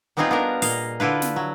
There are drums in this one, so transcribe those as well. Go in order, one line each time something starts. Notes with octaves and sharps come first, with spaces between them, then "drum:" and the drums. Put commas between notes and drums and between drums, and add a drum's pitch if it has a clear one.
G3 B3 C4 D#4 F4 G#4
B3 D4 A#4
A#2 D#5 F5, drum: open hi-hat
D3 E4 F4 B4
drum: snare
F#3